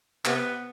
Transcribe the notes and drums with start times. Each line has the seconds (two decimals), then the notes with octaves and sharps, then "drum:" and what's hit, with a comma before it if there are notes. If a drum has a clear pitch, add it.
0.25 C3 B3, drum: clap